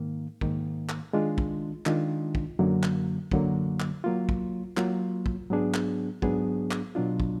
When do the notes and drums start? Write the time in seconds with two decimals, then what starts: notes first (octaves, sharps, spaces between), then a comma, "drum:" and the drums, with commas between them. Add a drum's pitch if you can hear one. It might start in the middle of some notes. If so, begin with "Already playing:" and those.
Already playing: G#2 D#3 A#3
0.41 G#2 D#3 A#3, drum: kick
0.89 drum: clap
1.13 D#3 G#3 D4 F4
1.38 drum: kick
1.86 D#3 G#3 D4 F4, drum: clap
2.35 drum: kick
2.59 F#2 D3 F#3 A#3
2.83 drum: clap
3.31 F#2 D3 F#3 A#3, drum: kick
3.80 drum: clap
4.04 F#3 A#3 F4
4.29 drum: kick
4.77 F#3 A#3 F4, drum: clap
5.26 drum: kick
5.50 G#2 F#3 B3 D4 G#4
5.74 drum: clap
6.22 G#2 F#3 B3 D4 G#4, drum: kick
6.71 drum: clap
6.95 B2 F#3 D4 F4
7.20 drum: kick